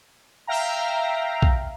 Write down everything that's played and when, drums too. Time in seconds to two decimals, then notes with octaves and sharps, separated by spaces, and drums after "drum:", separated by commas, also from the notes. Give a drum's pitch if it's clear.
0.47 E5 F5 G5 A#5
1.42 drum: kick A#1